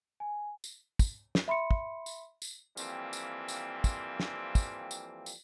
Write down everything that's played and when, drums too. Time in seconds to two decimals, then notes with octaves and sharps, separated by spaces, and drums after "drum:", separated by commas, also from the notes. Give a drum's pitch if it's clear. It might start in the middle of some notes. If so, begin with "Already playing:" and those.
0.20 G#5
0.64 drum: tambourine
0.99 drum: kick, tambourine
1.35 drum: snare
1.48 E5 B5 C6 C#7
1.71 drum: kick
2.06 drum: tambourine
2.42 drum: tambourine
2.77 F2 E3 G3 A#3 C4, drum: tambourine
3.13 drum: tambourine
3.48 drum: tambourine
3.84 drum: kick, tambourine
4.20 drum: snare
4.55 drum: kick, tambourine
4.91 drum: tambourine
5.26 drum: tambourine